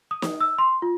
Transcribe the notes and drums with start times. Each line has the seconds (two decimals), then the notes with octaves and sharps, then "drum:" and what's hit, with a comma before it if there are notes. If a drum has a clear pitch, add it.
0.11 D#6
0.22 drum: snare
0.40 E6
0.58 C6
0.82 F4